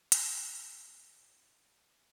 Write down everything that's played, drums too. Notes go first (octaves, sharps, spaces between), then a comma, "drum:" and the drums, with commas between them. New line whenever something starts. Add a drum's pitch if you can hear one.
B5 G6 A6 C7, drum: hi-hat